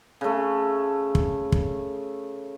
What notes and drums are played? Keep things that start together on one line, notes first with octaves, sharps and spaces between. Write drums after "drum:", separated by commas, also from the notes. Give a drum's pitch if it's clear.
C#3 A3
drum: kick
drum: kick